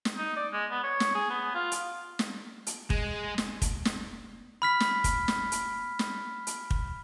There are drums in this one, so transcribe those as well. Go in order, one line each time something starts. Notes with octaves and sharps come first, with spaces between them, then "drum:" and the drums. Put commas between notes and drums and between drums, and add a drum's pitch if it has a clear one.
drum: snare
D#4
D5
G#3
B3
C#5
drum: snare
G#4
B3
F4
drum: hi-hat
drum: snare
drum: hi-hat
G#3, drum: kick
drum: snare
drum: kick, hi-hat
drum: snare
B5 F6 B6
drum: snare
drum: kick, hi-hat
drum: snare
drum: hi-hat
drum: snare
drum: hi-hat
drum: kick